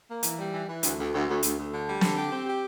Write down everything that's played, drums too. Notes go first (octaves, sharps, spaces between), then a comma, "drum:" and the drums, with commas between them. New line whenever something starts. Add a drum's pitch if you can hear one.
A#3
E3, drum: hi-hat
G3
E3
E3
D2, drum: hi-hat
D2
D2
D2
D2, drum: hi-hat
D2
D3
G3
D3, drum: snare
G4
C4
G4